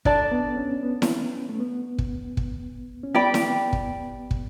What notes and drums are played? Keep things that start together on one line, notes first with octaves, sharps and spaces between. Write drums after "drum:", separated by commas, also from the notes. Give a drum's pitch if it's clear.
D4 A4 D5 A5, drum: kick
B3
C#4
B3
drum: snare E4
A3
B3
drum: kick
drum: kick
C#4
B3 G4 D5 G5 B5
drum: snare E4
drum: kick
drum: kick